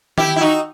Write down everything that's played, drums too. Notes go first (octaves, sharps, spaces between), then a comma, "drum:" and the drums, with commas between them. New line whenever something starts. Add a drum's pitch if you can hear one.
E4 G4, drum: tom D#3
E4
D#4 F#4